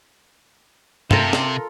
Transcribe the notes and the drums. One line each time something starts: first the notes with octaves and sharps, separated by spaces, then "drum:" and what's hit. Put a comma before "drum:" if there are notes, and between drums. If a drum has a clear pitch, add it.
C3 F4 A4 A#4, drum: tom
drum: snare